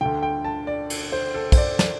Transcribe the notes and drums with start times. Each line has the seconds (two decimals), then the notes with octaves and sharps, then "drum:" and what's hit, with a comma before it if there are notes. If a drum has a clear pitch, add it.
0.01 D2 D3 G5
0.23 G5
0.45 A5
0.67 D5
0.90 drum: cymbal
1.12 C5
1.34 A4
1.52 C5, drum: kick, cymbal
1.58 D5
1.79 D5, drum: snare